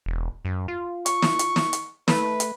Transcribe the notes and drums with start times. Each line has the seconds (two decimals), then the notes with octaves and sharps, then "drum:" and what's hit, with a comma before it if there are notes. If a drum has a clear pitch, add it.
0.06 E1
0.45 F#2
0.68 F4
1.06 C#6, drum: hi-hat
1.22 drum: snare
1.39 drum: hi-hat
1.56 drum: snare
1.73 drum: hi-hat
2.08 A3 B4, drum: snare
2.40 drum: hi-hat